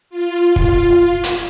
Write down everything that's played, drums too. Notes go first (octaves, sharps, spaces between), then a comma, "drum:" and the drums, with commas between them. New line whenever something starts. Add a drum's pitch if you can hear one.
F4
drum: kick
drum: hi-hat